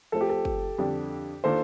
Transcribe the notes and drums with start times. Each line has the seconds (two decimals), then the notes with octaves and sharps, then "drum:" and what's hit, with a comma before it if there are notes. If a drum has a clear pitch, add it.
0.12 F3 A3 C4 A4
0.21 G4
0.30 A4
0.45 drum: kick
0.78 F2 D3 G3 D4 G4
1.44 D#3 A#3 D4 F4 A4 C5